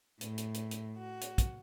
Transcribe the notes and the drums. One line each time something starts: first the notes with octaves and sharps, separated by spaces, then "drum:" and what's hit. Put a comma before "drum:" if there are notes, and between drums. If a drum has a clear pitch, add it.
A2, drum: hi-hat
drum: hi-hat
drum: hi-hat
drum: hi-hat
F#4
drum: hi-hat
drum: kick, hi-hat